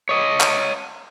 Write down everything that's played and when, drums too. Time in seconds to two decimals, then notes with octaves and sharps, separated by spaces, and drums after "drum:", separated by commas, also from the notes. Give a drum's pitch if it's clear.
0.09 C#5 D#5
0.40 drum: clap